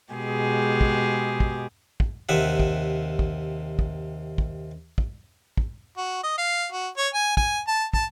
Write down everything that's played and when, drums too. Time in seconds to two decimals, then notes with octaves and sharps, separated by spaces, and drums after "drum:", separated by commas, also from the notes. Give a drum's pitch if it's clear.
0.13 B2 G#3 G4 G#4
0.81 drum: kick
1.40 drum: kick
2.00 drum: kick
2.29 D#2 C3 E5 F#5
2.60 drum: kick
3.19 drum: kick
3.79 drum: kick
4.38 drum: kick
4.98 drum: kick
5.57 drum: kick
5.97 F#4
6.23 D#5
6.38 F5
6.72 F#4
6.98 C#5
7.14 G#5
7.37 G#5, drum: kick
7.68 A5
7.93 A5, drum: kick